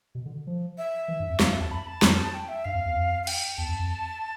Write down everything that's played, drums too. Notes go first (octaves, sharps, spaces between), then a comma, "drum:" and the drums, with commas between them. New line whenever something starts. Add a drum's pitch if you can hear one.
B2
D3
F3
E5
E3
G2
F2
F2 F5, drum: snare
F2 E5
E2 A5
F2 B5
A5
F2, drum: snare
G5
E5
G2 F5
F2
E2
F2
F5
G5, drum: cymbal
E2 A5
F2
F2